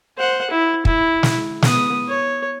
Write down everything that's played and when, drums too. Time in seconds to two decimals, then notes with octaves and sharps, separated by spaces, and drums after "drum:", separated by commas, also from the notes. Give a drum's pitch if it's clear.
0.18 C5 F#5
0.50 E4
0.85 E4, drum: kick
1.23 drum: snare
1.62 B3 D#6, drum: snare
2.08 C#5